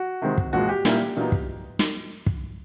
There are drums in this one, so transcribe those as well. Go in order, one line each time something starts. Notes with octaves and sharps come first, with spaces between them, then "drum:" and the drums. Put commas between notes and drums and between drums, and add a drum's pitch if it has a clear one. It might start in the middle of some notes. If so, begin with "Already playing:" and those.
Already playing: F#4
C3 D#3 G#3 C4
drum: kick
A#2 F3 G#3 F#4
G4
A#2 G3 A#3 C#4 E4 G4, drum: snare
A#2 F#3 B3 D#4
drum: kick
drum: snare
drum: kick